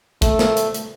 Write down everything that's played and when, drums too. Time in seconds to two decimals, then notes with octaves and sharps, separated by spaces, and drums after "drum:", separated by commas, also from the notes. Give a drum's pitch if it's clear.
0.22 A3, drum: kick, hi-hat
0.39 drum: snare
0.57 drum: hi-hat
0.74 drum: hi-hat